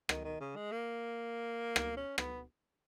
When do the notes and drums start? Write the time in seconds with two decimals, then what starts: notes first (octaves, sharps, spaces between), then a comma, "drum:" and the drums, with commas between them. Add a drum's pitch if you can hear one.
0.09 D#3, drum: rim click
0.24 D#3
0.40 C#3
0.56 G#3
0.71 A#3
1.76 drum: rim click
1.97 C#4
2.18 B3, drum: rim click